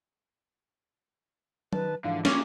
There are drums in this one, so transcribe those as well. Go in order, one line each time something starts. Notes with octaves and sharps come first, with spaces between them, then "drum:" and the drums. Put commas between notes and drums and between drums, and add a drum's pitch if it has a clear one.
D#3 B4 A5, drum: tom F#3
G#2 D3 E3 F3 F5
A#2 C#4 D6, drum: snare